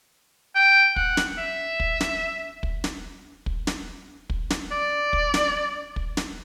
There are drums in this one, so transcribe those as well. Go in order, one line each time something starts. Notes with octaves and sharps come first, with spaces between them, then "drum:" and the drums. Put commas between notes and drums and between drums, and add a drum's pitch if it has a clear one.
G5
F#5, drum: kick
drum: snare
E5
drum: kick
drum: snare
drum: kick
drum: snare
drum: kick
drum: snare
drum: kick
drum: snare
D5
drum: kick
drum: snare
drum: kick
drum: snare